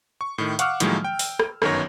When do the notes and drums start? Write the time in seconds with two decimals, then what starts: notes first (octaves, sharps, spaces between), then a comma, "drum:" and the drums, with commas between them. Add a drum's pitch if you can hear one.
0.21 C#6
0.38 A2 D#3
0.59 F5 F#5 C#6 D6 E6 F6, drum: hi-hat
0.80 A2 D#3 F3 F#3 G#3 A#3, drum: hi-hat
1.04 G5
1.19 drum: open hi-hat
1.40 drum: rim click
1.62 G1 F#2 D#3 B3 C#5 A#6, drum: rim click